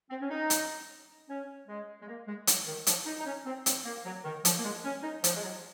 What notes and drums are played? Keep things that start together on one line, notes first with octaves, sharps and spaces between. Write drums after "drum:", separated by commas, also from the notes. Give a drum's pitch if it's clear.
C4
C#4
D#4
drum: hi-hat
C#4
G#3
G#3
A#3
G#3
F#3, drum: hi-hat
D#3
F3, drum: hi-hat
D#4
D#4
C#4
C4
C4, drum: hi-hat
A#3
F#3
D#3
F3, drum: hi-hat
A#3
G#3
C#4
D#4
F3, drum: hi-hat
G#3
F#3